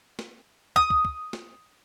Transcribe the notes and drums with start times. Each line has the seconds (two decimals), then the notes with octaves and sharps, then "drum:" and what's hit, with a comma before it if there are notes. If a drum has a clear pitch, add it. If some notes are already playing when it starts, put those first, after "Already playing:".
0.19 drum: snare
0.76 D#6, drum: kick
0.90 drum: kick
1.05 drum: kick
1.33 drum: snare